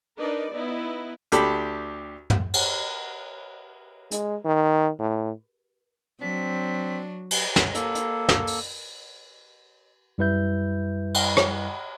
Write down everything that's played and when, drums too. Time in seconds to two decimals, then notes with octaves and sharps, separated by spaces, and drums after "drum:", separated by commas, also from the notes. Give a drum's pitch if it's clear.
0.18 D4 D#4 A#4 B4 D5
0.53 B3 D#4 E4 B4
1.32 D2 G4 A4 B5, drum: hi-hat
2.30 drum: tom
2.54 drum: cymbal
4.11 G#3, drum: hi-hat
4.45 D#3
4.99 A2
6.22 F#3 C4 D4 B6
7.31 drum: cymbal
7.56 drum: snare
7.74 A#3 A4, drum: hi-hat
7.95 drum: hi-hat
8.29 drum: snare
8.47 drum: open hi-hat
10.18 F#2 G3 E4 B4 E5 G6
11.14 drum: cymbal
11.37 drum: rim click